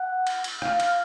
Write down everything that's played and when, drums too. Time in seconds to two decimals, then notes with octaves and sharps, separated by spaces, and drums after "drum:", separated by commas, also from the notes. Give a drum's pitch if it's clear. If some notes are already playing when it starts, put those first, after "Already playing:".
Already playing: F#5
0.27 drum: cymbal
0.44 drum: cymbal
0.62 F5, drum: rim click
0.80 drum: cymbal